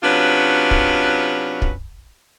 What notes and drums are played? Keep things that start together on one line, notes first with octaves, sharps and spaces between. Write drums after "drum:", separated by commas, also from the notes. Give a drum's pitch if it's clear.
C3 F#3 C#4 D4 F4 B4
drum: kick
drum: kick